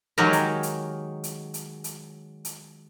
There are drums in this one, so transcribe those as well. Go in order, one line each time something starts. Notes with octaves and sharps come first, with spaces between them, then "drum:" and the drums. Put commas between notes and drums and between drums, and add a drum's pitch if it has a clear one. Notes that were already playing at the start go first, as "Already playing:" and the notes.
D#3 F#3 G#3 G4 A#4
drum: hi-hat
drum: hi-hat
drum: hi-hat
drum: hi-hat
drum: hi-hat
drum: hi-hat